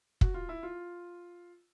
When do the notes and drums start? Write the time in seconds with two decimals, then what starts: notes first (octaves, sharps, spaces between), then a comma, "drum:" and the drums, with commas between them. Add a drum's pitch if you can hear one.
0.21 F#4, drum: kick
0.34 F4
0.49 E4
0.63 F4